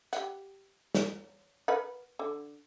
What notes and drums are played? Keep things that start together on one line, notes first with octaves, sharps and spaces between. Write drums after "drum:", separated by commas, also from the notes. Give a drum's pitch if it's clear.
G4 F#5, drum: hi-hat
drum: snare
A#4 B4 F#5
D3